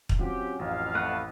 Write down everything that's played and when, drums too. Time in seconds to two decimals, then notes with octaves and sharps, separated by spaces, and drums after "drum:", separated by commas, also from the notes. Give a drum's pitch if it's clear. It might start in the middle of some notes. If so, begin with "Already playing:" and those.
0.09 drum: kick
0.19 F#3 C4 C#4 F4 G4
0.59 A1 F2 F5
0.95 A3 B4 F#5